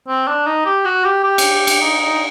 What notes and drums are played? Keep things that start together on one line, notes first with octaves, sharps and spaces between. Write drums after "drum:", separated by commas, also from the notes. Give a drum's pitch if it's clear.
C4
D4
D#4
G4
F#4
G4
G4
drum: cymbal
drum: cymbal
D#4
D#4